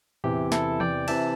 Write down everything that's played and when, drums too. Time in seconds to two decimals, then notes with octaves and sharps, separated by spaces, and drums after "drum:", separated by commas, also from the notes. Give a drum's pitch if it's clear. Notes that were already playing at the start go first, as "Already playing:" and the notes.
0.24 E2 C3 E3 G4, drum: tom A2
0.52 E4 A4, drum: snare
0.80 D5 G5, drum: tom E3
1.08 C3 E3 E5 A5, drum: cymbal